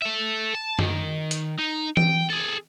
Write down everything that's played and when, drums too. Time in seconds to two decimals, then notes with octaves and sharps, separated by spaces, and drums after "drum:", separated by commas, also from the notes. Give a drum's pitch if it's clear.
0.02 A4 E5
0.55 A5
0.79 D#3, drum: tom F#2
1.31 drum: hi-hat
1.59 D#4
1.97 G5, drum: tom E3
2.30 G#4 A4